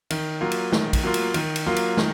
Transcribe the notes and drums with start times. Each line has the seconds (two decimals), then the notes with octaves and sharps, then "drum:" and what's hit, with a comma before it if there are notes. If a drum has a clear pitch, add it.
0.10 D#3, drum: cymbal
0.41 F#3 A#3 F4
0.52 drum: cymbal
0.72 D#3, drum: snare
0.93 drum: kick, cymbal
1.04 F#3 A#3 F4
1.14 drum: cymbal
1.34 D#3, drum: cymbal
1.56 drum: cymbal
1.66 F#3 A#3 F4
1.76 drum: cymbal
1.97 D#3, drum: snare